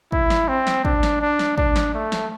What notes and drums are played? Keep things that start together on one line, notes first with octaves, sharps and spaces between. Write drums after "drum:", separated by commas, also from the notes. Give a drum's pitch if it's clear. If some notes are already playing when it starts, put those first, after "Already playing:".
E4, drum: kick
drum: snare
C4
drum: snare
D4, drum: kick
drum: snare
D4
drum: snare
D4, drum: kick
drum: snare
A3
drum: snare